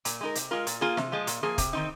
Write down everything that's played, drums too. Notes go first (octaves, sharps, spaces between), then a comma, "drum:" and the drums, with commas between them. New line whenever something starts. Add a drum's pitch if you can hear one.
A#2, drum: hi-hat
G#3 D#4 A#4
C3, drum: hi-hat
G#3 F4 A#4
A#2, drum: hi-hat
A#3 F4 G#4
C3, drum: snare
F3 G#3 F4
A#2, drum: hi-hat
F3 A#3 G#4
C3, drum: kick, hi-hat
D#3 C4 D#4